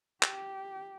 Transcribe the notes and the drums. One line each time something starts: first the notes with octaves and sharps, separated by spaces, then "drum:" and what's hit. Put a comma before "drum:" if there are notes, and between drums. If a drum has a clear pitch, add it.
G4, drum: clap